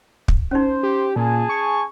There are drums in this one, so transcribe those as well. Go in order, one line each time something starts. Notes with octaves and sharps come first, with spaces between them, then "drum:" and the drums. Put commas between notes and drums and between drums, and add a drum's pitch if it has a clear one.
drum: kick
C#4 D#4 C5
G4
A#2 G#4 G#5 A5
C#6